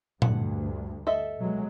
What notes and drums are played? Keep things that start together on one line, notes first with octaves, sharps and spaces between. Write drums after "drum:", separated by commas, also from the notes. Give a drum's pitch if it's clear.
D2 G2 F#5, drum: tom A#2
A4 D#5 E5
B2 F#3 G#3